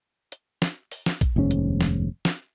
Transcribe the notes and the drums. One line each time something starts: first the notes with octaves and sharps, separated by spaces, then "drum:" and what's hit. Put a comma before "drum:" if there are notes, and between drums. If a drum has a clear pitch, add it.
drum: hi-hat
drum: snare
drum: open hi-hat
drum: snare
drum: kick A#1, hi-hat
F1 D#2 G#2 C#4
drum: hi-hat
drum: snare
drum: snare